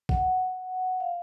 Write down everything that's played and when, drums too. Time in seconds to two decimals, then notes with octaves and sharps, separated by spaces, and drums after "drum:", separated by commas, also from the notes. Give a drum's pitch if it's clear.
0.09 F#5, drum: kick
1.00 F5